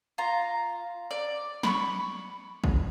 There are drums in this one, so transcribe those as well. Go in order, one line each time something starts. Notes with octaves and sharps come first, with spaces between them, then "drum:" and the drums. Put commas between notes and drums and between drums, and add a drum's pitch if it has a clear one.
F4 A#5
D5
B5 C#6, drum: snare
drum: kick A1